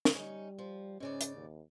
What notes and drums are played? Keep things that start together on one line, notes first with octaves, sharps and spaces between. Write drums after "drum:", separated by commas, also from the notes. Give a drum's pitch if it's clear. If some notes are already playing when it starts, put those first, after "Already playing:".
drum: snare
G3 C#4 D#4
F3
G#2 C#3 C#4 D5
drum: hi-hat
D#2